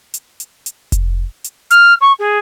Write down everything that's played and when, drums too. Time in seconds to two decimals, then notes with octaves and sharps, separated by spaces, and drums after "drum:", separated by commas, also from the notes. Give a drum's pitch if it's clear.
0.14 drum: hi-hat
0.40 drum: hi-hat
0.66 drum: hi-hat
0.92 drum: kick F1, hi-hat
1.44 drum: hi-hat
1.71 F6, drum: hi-hat
2.01 C#6
2.19 G#4